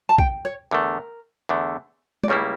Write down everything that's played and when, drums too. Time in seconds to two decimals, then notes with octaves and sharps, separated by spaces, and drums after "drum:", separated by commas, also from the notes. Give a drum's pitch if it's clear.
0.09 A5
0.18 G5, drum: kick
0.45 C#5
0.71 E2 D3 A3 A#4
1.49 E2 D3 A3
2.24 D5, drum: tom
2.28 C#2 C#3 G3 A#3 E4 C#5